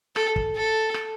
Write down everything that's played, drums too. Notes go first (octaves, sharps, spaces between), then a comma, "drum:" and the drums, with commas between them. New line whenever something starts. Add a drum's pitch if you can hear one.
A4, drum: rim click
drum: kick
A4
drum: rim click